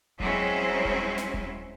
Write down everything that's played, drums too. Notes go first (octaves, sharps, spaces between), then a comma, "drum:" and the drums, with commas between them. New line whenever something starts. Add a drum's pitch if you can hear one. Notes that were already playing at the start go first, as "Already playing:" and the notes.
F#3 G#3 C4 C#4 E4, drum: kick D#1
drum: kick D#1
drum: snare
drum: kick D#1